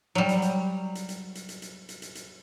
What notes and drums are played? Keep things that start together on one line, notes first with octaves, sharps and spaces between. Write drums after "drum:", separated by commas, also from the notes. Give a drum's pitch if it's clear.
F#3 G3
drum: hi-hat
drum: hi-hat
drum: hi-hat
drum: hi-hat
drum: hi-hat
drum: hi-hat
drum: hi-hat
drum: hi-hat
drum: hi-hat
drum: hi-hat